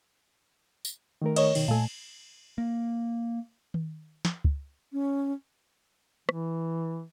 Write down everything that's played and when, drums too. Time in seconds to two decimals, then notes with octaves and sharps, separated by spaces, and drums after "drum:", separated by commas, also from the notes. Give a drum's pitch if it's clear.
0.85 drum: tambourine
1.22 D#3 A3 A#4
1.36 C#5 D#5, drum: cymbal
1.55 B2 D#3, drum: cymbal
1.68 A#2 A3 G#5 A5
2.58 A#3
3.74 drum: tom D#3
4.25 drum: snare
4.45 drum: kick
4.93 C#4
6.29 E3, drum: rim click